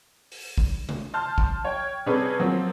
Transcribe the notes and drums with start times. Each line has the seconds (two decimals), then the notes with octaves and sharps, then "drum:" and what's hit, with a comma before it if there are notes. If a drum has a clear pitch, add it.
0.32 drum: open hi-hat
0.58 drum: kick
0.89 drum: tom C3
1.14 A5 C6 F6 G6
1.38 drum: kick
1.65 C#5 G5
2.06 C3 G3 C#4 G#4 A4 B4
2.40 F3 F#3 A#3 C4